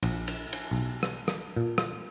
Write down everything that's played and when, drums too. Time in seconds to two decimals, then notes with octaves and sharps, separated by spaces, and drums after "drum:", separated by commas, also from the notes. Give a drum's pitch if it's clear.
0.03 A#1, drum: cymbal
0.28 drum: cymbal
0.53 drum: cymbal
0.71 B1
1.03 drum: rim click
1.28 drum: rim click
1.56 A#2
1.78 drum: rim click